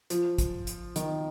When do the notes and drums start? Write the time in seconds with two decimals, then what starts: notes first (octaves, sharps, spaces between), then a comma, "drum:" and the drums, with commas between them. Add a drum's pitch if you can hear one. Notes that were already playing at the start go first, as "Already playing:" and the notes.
0.10 F3, drum: hi-hat
0.38 drum: kick, hi-hat
0.67 drum: hi-hat
0.96 D#3, drum: hi-hat